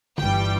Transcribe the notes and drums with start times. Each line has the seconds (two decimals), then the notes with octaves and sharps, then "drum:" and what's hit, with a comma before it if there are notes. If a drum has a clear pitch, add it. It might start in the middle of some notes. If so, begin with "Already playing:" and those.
0.18 G1 G2 E3 G3 G5, drum: tom D3